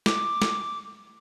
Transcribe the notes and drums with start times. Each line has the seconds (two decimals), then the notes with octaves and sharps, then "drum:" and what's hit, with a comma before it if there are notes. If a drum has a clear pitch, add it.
0.06 D6, drum: snare
0.42 drum: snare